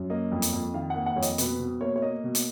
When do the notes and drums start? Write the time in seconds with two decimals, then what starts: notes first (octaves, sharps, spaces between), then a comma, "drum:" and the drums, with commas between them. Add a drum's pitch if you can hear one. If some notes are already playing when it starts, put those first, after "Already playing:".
Already playing: F#2
0.10 A#3 D#5
0.32 F2
0.42 drum: hi-hat
0.53 F2
0.74 D#3 F5
0.90 F#5
0.96 A#3
1.06 F#5
1.16 F2 C#5
1.22 D#5, drum: hi-hat
1.38 B2 B4, drum: hi-hat
1.60 B2
1.81 A#3 C#5
1.96 C#5
2.02 A#3 D#5
2.24 B2
2.35 drum: hi-hat